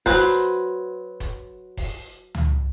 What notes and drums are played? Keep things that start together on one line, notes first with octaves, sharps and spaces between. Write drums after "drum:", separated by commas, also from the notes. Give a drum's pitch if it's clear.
F#3 B4 C5, drum: kick E1, open hi-hat
drum: kick E1, hi-hat
drum: kick E1, open hi-hat
drum: tom